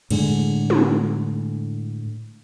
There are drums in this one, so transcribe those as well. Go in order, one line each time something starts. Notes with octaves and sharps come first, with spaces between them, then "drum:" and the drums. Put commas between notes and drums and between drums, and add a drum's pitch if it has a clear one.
A2 D3 G#3, drum: cymbal
drum: tom